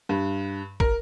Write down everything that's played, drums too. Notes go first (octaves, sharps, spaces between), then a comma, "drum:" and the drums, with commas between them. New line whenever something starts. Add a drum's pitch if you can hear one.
G2
A#4, drum: kick